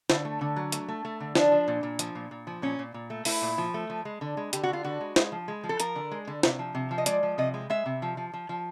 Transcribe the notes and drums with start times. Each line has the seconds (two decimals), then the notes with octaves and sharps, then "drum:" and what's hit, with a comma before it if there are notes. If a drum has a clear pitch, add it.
0.10 D3, drum: snare
0.25 A3
0.41 D3
0.56 F#3
0.72 A3, drum: hi-hat
0.88 A3
1.05 A3
1.20 D3
1.35 F3 D4, drum: snare
1.52 F3
1.68 A#2
1.83 A#2
1.99 F3, drum: hi-hat
2.15 A#2
2.31 A#2
2.47 F3
2.62 A#2 C#4
2.79 A#2
2.94 A#2
3.10 A3
3.25 A3 E4, drum: open hi-hat
3.42 A#2
3.58 F3
3.74 A3
3.90 F3
4.05 G#3
4.21 D3
4.37 G#3
4.53 D3 G4, drum: hi-hat
4.63 F#4
4.68 D3 F4
4.84 D3 F#4
5.01 G#3
5.16 G#3, drum: snare
5.32 F3
5.48 G#3
5.64 F3
5.69 A4
5.80 F3 A#4, drum: hi-hat
5.96 D3
6.11 G#3
6.27 D3
6.43 C3, drum: snare
6.59 F3
6.75 C3
6.91 F3
6.98 D#5
7.06 G#3 D5, drum: hi-hat
7.23 F3
7.38 C3 D#5
7.54 G#3
7.70 G#3 E5
7.86 C3
8.02 F3
8.17 F3
8.33 F3
8.49 F3